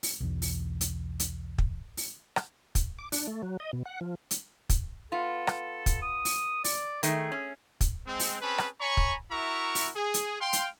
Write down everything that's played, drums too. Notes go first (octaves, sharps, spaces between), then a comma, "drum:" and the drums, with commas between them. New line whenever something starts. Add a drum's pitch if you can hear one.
drum: open hi-hat
B1 E2
drum: open hi-hat
drum: hi-hat
drum: hi-hat
drum: kick
drum: open hi-hat
drum: rim click
drum: kick, hi-hat
D6
D4, drum: open hi-hat
A3
F#3
D#5
B2
F#5
F3
drum: hi-hat
drum: kick, hi-hat
B3 F4 A4
drum: rim click
drum: kick, hi-hat
D#6
drum: open hi-hat
D5, drum: open hi-hat
D#3 A3 G#4, drum: hi-hat
C#4
drum: kick, hi-hat
G#3 C4
drum: open hi-hat
C4 C#4 G#4 B4 A5 B5
drum: rim click
C#5 G#5 A#5 B5 C#6
drum: kick
E4 F#4 A#4 E5 A#5 C#6
drum: open hi-hat
G#4
drum: hi-hat
F5 G5 C6
drum: hi-hat